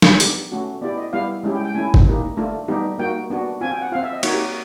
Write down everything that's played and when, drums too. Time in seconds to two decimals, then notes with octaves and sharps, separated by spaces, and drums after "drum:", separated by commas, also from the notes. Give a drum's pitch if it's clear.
0.02 drum: snare
0.20 B3 D#4 G4, drum: hi-hat
0.52 A3 C#4 F#4
0.82 B3 E4 G4 D5
0.97 D#5
1.13 G3 B3 E4 G4 F5
1.44 G#3 C#4 E4 G4
1.55 G5
1.65 G5
1.74 A3 C#4 E4 G#5
1.94 drum: kick G1
2.06 A#3 D#4 G4
2.37 A3 D4 F4
2.68 G3 B3 D#4 G4
2.98 A#3 D#4 F#4 G5
3.30 B3 D4 F#4
3.61 C4 F4 G#5
3.71 G5
3.82 F#5
3.92 C4 F4 F5
4.03 E5
4.13 D#5
4.23 A#3 D#4 F#4 C#5, drum: cymbal
4.34 G4